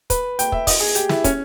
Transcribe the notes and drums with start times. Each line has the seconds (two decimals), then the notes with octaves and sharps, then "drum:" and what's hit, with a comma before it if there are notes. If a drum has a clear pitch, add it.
0.10 B4, drum: kick, hi-hat
0.39 G5, drum: hi-hat
0.52 E5, drum: kick
0.67 D#5, drum: kick, open hi-hat
0.80 G#4
0.95 G4, drum: hi-hat
1.09 E4, drum: snare
1.24 C#4, drum: kick, hi-hat